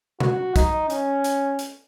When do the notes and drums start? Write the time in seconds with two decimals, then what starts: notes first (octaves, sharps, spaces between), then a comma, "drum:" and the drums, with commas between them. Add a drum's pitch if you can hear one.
0.20 F#4, drum: tom B2
0.56 D#4, drum: kick, hi-hat
0.90 C#4, drum: hi-hat
1.24 drum: hi-hat
1.59 drum: hi-hat